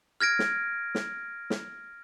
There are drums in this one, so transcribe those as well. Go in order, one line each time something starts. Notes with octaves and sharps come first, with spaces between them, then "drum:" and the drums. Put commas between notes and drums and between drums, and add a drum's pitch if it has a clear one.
F6 G#6 A#6 D7
drum: snare
drum: snare
drum: snare